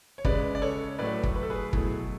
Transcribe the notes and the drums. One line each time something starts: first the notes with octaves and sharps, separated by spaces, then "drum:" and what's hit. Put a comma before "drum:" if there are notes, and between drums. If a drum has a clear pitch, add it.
C#5
C#3 G#3 B4 D5, drum: kick
D5
A4 C#5
A2 F#3 A3 B4 D5
drum: kick
B4
A4
G#4 B4
B2 F#3 A3 E4 G#4, drum: kick